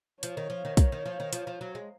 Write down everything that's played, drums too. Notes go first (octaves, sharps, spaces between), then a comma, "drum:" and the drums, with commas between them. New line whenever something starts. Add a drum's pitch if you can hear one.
F3 C#5, drum: hi-hat
D#3
F3
D#3
D#3, drum: kick, hi-hat
D#3
F3
D#3
F3, drum: hi-hat
F3
F#3
G#3